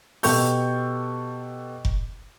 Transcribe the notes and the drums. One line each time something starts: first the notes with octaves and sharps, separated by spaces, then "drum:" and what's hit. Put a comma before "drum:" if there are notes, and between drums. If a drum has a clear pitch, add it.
B2 G4 A4 C#6 G6, drum: open hi-hat
drum: kick F1